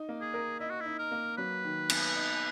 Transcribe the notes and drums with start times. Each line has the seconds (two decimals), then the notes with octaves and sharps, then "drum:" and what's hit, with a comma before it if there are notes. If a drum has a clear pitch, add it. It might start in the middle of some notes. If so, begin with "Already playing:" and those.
Already playing: D#4
0.09 A#3
0.21 G#4
0.34 A#4
0.60 E4 D#5
0.70 F#4
0.81 D#4 E4
0.99 A#4
1.12 A#3
1.37 F#3 B4
1.64 D#3
1.90 B3, drum: cymbal
2.16 D#4